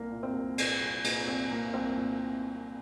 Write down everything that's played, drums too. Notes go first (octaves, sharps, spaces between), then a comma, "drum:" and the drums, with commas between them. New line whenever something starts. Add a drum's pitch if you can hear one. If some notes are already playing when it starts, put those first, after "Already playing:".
Already playing: C2 A#3
A#2
C4
C2
A#2, drum: cymbal
C2
A#2, drum: cymbal
C2 C4
A#2 A#3
C2 C4
A#2